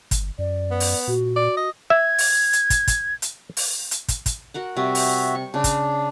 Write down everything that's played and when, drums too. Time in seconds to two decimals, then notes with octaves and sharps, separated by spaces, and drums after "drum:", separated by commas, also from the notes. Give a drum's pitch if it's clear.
0.11 G1, drum: kick, hi-hat
0.39 F#2 D5
0.71 B3
0.80 drum: open hi-hat
1.08 A#2 F#4
1.36 D5
1.57 D#5
1.90 E5 G#6
2.18 drum: open hi-hat
2.53 drum: hi-hat
2.70 drum: kick, hi-hat
2.88 drum: kick, hi-hat
3.22 drum: hi-hat
3.57 drum: open hi-hat
3.91 drum: hi-hat
4.08 drum: kick, hi-hat
4.26 drum: kick, hi-hat
4.54 F#4 A#4 F#5
4.76 C3 G3 F#4 E5
4.95 drum: open hi-hat
5.35 C#6
5.54 C#3 D4
5.64 drum: kick, hi-hat